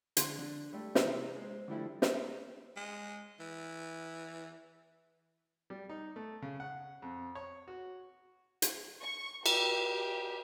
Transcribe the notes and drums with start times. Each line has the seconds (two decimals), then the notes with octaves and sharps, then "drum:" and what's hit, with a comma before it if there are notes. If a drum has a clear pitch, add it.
0.17 D3 C6, drum: hi-hat
0.39 D3
0.73 G3 A3
0.95 C3 E3, drum: snare
1.35 G#3 C5
1.68 D3 F3 G3 A3 E4
2.02 drum: snare
2.76 G#3
3.40 E3
5.70 G3
5.89 D#4
6.16 A3
6.42 C#3
6.60 F#5
7.02 F2
7.35 C#5
7.68 F#4
8.62 drum: hi-hat
9.00 C#6
9.46 G4, drum: cymbal
9.90 G4